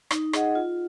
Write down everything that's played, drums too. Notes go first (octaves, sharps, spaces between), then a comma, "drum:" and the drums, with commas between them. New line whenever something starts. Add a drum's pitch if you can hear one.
D#4, drum: rim click
G#4 D#5 F#5, drum: rim click
F4